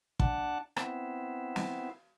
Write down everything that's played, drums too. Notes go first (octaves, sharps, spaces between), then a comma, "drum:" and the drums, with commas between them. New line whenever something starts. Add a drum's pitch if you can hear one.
D4 F#5 A5, drum: kick
B3 C4 E4, drum: rim click
drum: snare